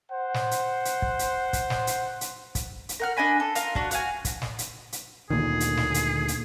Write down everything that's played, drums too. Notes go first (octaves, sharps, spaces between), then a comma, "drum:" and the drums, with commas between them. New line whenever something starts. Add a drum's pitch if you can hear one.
C5 F#5
drum: snare
drum: hi-hat
drum: hi-hat
drum: kick
drum: hi-hat
drum: kick, hi-hat
drum: snare
drum: hi-hat
drum: hi-hat
drum: kick, hi-hat
drum: hi-hat
A#4 F#5 F6
D4 D#5 G#5 B5
A4
F4 A#4 F5, drum: hi-hat
D4 F#4, drum: kick
F#4 F5 G#5, drum: hi-hat
drum: kick, hi-hat
drum: snare
drum: hi-hat
drum: hi-hat
D2 A#2 D3 D#3 G#4
drum: hi-hat
drum: snare
drum: hi-hat
drum: hi-hat